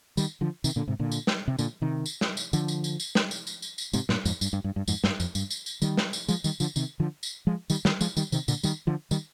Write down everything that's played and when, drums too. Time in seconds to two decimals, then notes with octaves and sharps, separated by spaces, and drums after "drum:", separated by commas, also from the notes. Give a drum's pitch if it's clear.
0.17 D#3 G3, drum: tambourine
0.41 D3 F3
0.64 C3 D#3, drum: tambourine
0.76 A#2 D3
0.87 G#2 C3
0.99 A#2 D3
1.12 drum: tambourine
1.27 drum: snare
1.48 C3
1.59 A#2 D3, drum: tambourine
1.82 C3 D#3
2.06 drum: tambourine
2.21 drum: snare
2.37 drum: tambourine
2.53 D3 F3, drum: tambourine
2.68 drum: tambourine
2.84 drum: tambourine
3.00 drum: tambourine
3.15 drum: snare
3.31 drum: tambourine
3.47 drum: tambourine
3.62 drum: tambourine
3.78 drum: tambourine
3.93 G#2 C3, drum: tambourine
4.09 G2 A#2, drum: snare
4.25 F2 G#2, drum: tambourine
4.41 G2, drum: tambourine
4.53 G2
4.64 G2
4.76 G2
4.88 F2 G#2, drum: tambourine
5.04 G2, drum: snare
5.20 F2, drum: tambourine
5.35 G2, drum: tambourine
5.50 drum: tambourine
5.66 drum: tambourine
5.82 D#3 G3, drum: tambourine
5.97 drum: snare
6.13 drum: tambourine
6.28 F3 G#3, drum: tambourine
6.44 D#3 G3, drum: tambourine
6.60 D3 F3, drum: tambourine
6.76 C3 D#3, drum: tambourine
7.00 D3 F3
7.23 drum: tambourine
7.47 F3 G#3
7.70 D#3 G3, drum: tambourine
7.85 D#3 G3, drum: snare
8.01 F3 G#3, drum: tambourine
8.17 D#3 G3, drum: tambourine
8.32 C3 D#3, drum: tambourine
8.48 A#2 D3, drum: tambourine
8.63 D#3 G3, drum: tambourine
8.87 D3 F3
9.11 D#3 G3, drum: tambourine